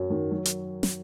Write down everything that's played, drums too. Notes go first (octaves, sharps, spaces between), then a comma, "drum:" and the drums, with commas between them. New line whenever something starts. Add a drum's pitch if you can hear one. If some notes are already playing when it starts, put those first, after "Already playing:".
Already playing: F#2 F#3
D#3
F#3
drum: hi-hat
drum: snare